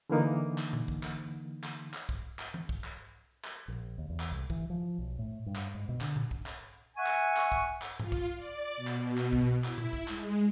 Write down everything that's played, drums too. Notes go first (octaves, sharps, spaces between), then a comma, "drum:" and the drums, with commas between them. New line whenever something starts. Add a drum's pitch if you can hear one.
D3 E3 A#3 D#4
drum: clap
drum: tom A#2
drum: kick
drum: clap
drum: clap
drum: clap
drum: kick
drum: clap
drum: tom E3
drum: kick
drum: clap
drum: clap
A#1
D#2
E2
drum: clap
C2
E3, drum: kick
F3
B1
A2
G2
drum: clap
G#2
B2
D3, drum: clap
drum: tom A#2
drum: kick
drum: clap
E5 F#5 G#5 C#6
drum: clap
drum: clap
drum: kick
drum: clap
F4, drum: tom G#2
drum: kick
D5
B2
drum: clap
drum: clap
drum: kick
E4, drum: clap
drum: tom A#2
drum: kick
G#3, drum: clap